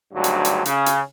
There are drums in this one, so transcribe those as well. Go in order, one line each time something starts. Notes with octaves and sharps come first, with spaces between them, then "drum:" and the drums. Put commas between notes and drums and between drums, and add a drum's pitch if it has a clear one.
G#1 D2 G2 F#3
drum: hi-hat
drum: hi-hat
C#3, drum: hi-hat
drum: hi-hat